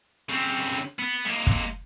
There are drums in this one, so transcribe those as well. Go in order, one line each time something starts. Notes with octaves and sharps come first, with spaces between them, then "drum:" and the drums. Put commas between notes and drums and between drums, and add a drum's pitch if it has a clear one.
C#3 C4
drum: hi-hat
B3
G#3 A#3
drum: kick